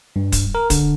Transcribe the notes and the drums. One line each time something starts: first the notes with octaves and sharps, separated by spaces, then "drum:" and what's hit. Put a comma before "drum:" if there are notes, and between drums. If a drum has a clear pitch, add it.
G2
drum: kick, hi-hat
A#4
D3, drum: kick, hi-hat